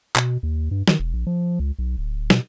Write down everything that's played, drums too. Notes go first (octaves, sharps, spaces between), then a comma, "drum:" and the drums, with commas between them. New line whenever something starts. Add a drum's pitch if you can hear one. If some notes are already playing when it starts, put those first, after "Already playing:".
B2, drum: clap
D#2
G2
D#3, drum: snare
E1
A#1
F3
C#2
B1
D1
B2, drum: snare